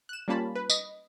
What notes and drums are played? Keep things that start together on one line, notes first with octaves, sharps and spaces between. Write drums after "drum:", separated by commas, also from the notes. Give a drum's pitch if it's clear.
F#6 E7
G3 A#3 C#4 F4 A5 B5
B4
D#5, drum: tambourine